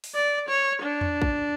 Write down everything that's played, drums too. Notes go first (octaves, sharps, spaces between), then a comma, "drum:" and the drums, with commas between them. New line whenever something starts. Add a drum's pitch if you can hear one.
drum: open hi-hat
D5
C#5
D4
drum: tom E2
drum: kick